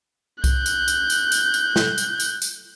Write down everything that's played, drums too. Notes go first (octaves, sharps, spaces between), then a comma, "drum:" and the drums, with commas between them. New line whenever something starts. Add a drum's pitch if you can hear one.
F#6 G6, drum: kick C2, tambourine
drum: tambourine
drum: tambourine
drum: tambourine
drum: tambourine
drum: tambourine
drum: snare
drum: tambourine
drum: tambourine
drum: tambourine